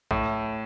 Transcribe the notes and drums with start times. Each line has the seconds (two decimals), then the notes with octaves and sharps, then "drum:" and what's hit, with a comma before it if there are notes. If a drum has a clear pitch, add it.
0.11 A2, drum: kick